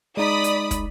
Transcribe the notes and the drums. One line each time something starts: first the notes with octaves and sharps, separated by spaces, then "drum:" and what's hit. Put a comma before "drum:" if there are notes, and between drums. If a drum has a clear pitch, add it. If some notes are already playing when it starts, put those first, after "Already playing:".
G#3 D#4 D5 B5 D#6
drum: hi-hat
drum: kick, hi-hat